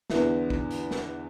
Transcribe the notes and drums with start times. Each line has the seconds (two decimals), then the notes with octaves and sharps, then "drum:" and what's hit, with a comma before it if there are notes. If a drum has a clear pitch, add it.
0.10 E2 D3 B3 E4, drum: snare
0.50 drum: kick
0.71 drum: hi-hat
0.91 drum: snare